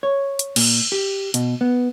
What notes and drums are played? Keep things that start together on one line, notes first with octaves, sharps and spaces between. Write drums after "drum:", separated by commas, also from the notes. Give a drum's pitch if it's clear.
C#5
drum: hi-hat
A#2, drum: cymbal
G4
B2, drum: hi-hat
B3